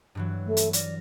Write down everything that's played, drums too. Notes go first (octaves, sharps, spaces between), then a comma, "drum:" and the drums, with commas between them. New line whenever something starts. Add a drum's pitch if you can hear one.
G2 E3 F#3
A3
drum: hi-hat
D5 F6 A#6, drum: hi-hat